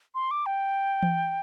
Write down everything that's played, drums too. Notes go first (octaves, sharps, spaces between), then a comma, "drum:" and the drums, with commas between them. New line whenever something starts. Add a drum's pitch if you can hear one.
C6
D6
G5
drum: tom E3